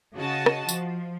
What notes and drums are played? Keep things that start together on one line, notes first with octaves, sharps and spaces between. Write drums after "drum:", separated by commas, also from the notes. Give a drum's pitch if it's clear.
C#3 F#4 D#5 A5
drum: rim click
F3, drum: tambourine